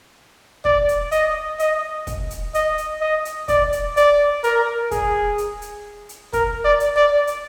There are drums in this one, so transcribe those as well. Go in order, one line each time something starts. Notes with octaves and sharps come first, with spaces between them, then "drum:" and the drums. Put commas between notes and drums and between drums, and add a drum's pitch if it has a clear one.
D5, drum: kick
drum: hi-hat
D#5, drum: hi-hat
D#5, drum: hi-hat
drum: kick, hi-hat
drum: hi-hat
D#5, drum: hi-hat
drum: hi-hat
D#5
drum: hi-hat
D5, drum: kick, hi-hat
drum: hi-hat
D5, drum: hi-hat
A#4, drum: hi-hat
G#4, drum: kick, hi-hat
drum: hi-hat
drum: hi-hat
drum: hi-hat
A#4, drum: kick, hi-hat
D5
drum: hi-hat
D5
drum: hi-hat